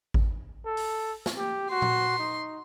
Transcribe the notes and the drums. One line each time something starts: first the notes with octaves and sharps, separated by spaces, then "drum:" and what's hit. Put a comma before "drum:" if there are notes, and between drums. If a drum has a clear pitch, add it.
drum: kick G#1
A4
drum: open hi-hat
drum: snare
G4
F#4 C6
drum: tom A#2
D#4